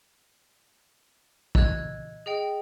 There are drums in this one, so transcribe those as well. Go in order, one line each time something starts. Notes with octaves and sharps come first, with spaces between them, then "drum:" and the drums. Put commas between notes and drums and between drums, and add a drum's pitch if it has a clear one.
D#5 E6 F#6 G#6, drum: kick
G#4 D#5 G5